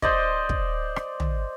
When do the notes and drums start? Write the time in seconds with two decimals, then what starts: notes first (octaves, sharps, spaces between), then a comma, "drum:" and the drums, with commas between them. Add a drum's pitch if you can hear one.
0.02 C5 D5 D#5, drum: kick
0.49 drum: kick
0.96 drum: rim click
1.20 drum: tom